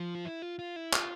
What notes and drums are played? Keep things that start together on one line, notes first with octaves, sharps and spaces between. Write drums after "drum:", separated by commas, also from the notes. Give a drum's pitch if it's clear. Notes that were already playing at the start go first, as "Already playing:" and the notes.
Already playing: F3
F4
E4
F4
F4
E4
F4, drum: clap